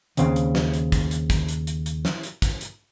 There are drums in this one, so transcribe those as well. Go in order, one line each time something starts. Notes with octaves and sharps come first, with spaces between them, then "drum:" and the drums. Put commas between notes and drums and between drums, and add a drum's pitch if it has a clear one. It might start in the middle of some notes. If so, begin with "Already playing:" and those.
D#2 C#3 C4 F5, drum: hi-hat
drum: hi-hat
drum: snare
drum: hi-hat
drum: kick, hi-hat
drum: hi-hat
drum: kick, hi-hat
drum: hi-hat
drum: hi-hat
drum: hi-hat
drum: snare
drum: hi-hat
drum: kick, hi-hat
drum: hi-hat